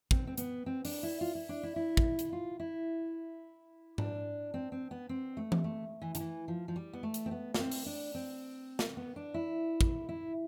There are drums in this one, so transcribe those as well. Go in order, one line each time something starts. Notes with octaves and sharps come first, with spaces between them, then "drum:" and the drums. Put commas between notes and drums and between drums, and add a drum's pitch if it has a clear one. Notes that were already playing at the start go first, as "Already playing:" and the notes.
C4, drum: kick
C4
B3, drum: hi-hat
C4
D4, drum: open hi-hat
E4
F4
E4
D4
E4
E4
drum: kick
drum: hi-hat
F4
E4
D4, drum: tom G#2
C4
C4
B3
C4
A3
drum: tom E3
A3
E3
D3, drum: hi-hat
E3
F3
F3
G3
B3
A3
drum: hi-hat
C4
B3
D4, drum: snare
C4
drum: open hi-hat
D4
C4
drum: snare
B3
D4
E4
drum: kick
E4